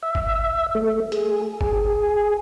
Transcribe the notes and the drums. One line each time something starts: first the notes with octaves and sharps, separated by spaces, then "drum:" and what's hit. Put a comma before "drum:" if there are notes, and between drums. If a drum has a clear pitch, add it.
E5
drum: kick G1
A3
G#4, drum: hi-hat
G#4, drum: kick G1